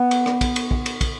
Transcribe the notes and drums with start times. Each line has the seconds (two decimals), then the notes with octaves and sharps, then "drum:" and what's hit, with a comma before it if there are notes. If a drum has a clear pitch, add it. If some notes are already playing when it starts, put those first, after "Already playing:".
Already playing: B3
0.11 drum: cymbal
0.26 drum: rim click
0.41 drum: kick, cymbal
0.56 drum: cymbal
0.71 drum: kick
0.86 drum: cymbal
1.01 drum: kick, cymbal